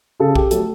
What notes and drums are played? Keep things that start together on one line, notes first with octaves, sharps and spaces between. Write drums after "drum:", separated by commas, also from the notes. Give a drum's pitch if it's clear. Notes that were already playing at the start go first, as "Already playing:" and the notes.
C#3 A4
G4, drum: kick A#1
F#3 A3 A4, drum: hi-hat